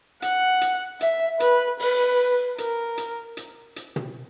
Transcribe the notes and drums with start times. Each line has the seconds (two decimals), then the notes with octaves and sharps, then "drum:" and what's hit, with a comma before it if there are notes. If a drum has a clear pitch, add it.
0.22 F#5, drum: hi-hat
0.61 drum: hi-hat
1.01 E5, drum: hi-hat
1.40 B4, drum: hi-hat
1.79 B4, drum: open hi-hat
2.58 A#4, drum: hi-hat
2.98 drum: hi-hat
3.37 drum: hi-hat
3.76 drum: hi-hat
3.96 drum: tom